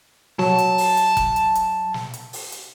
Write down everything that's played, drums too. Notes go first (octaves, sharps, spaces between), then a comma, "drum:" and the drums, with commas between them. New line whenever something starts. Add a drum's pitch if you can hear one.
F#3 A5, drum: snare
drum: hi-hat
drum: open hi-hat
drum: hi-hat
drum: kick F1, hi-hat
drum: hi-hat
drum: hi-hat
drum: snare
drum: hi-hat
drum: open hi-hat
drum: hi-hat